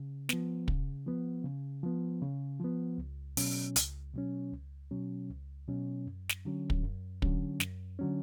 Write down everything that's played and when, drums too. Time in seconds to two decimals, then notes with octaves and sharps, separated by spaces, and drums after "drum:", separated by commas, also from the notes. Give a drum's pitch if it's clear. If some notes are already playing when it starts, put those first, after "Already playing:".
Already playing: C#3
0.29 F3 B3, drum: snare
0.68 C#3, drum: kick
1.06 F3 B3
1.44 C#3
1.83 F3 B3
2.22 C#3
2.60 F3 B3
2.98 C#2
3.37 B2 F#3 C#4, drum: open hi-hat
3.76 C#2, drum: hi-hat
4.14 B2 F#3 C#4
4.52 C#2
4.91 B2 F#3 C#4
5.29 C#2
5.68 B2 F#3 C#4
6.07 F#2
6.29 drum: snare
6.45 D3 F#3 C#4
6.70 drum: kick
6.83 F#2
7.22 D3 F#3 C#4, drum: kick
7.60 F#2, drum: snare
7.99 D3 F#3 C#4